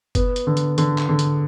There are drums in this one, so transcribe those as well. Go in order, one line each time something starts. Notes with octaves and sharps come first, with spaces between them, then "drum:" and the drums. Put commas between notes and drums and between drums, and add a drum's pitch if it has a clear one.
B3, drum: kick F#1, hi-hat
drum: hi-hat
D3
drum: hi-hat
D3, drum: hi-hat
drum: clap
D3
drum: hi-hat